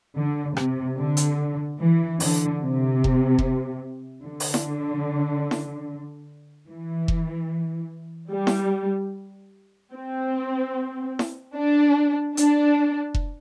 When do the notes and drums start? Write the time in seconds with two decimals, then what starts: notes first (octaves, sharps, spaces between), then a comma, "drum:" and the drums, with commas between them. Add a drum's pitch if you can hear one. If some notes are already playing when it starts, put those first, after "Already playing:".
0.17 D3
0.57 C3, drum: rim click
0.98 D3
1.17 drum: hi-hat
1.79 E3
2.20 D3, drum: open hi-hat
2.60 C3
3.04 drum: kick F1
3.39 drum: kick F1
4.24 D3
4.40 drum: open hi-hat
4.54 drum: snare E4
5.51 drum: snare E4
6.67 E3
7.08 drum: kick F1
8.30 G3
8.47 drum: snare E4
9.93 C4
11.19 drum: snare E4
11.56 D4
12.37 D4, drum: hi-hat
13.14 drum: kick F1